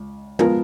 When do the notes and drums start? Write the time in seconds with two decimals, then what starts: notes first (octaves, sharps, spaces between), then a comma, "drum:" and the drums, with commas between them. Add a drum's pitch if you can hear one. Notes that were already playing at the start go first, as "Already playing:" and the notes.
Already playing: C#2
0.39 F3 G#3 B3 F4 A#4, drum: tom